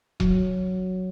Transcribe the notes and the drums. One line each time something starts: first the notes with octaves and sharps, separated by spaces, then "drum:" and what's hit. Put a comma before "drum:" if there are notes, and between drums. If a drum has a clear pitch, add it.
F#3, drum: kick E1